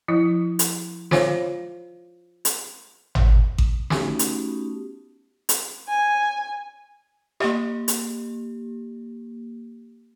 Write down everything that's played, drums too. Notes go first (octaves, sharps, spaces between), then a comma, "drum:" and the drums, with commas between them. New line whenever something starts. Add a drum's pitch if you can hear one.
F3 E4
drum: hi-hat
F4 C5 C#5 F5, drum: snare
drum: hi-hat
drum: tom G#1
drum: kick A1
A3 B3 C#4 D#4 F#4 G4, drum: snare
drum: hi-hat
drum: hi-hat
G#5
A#3 G4, drum: rim click
drum: hi-hat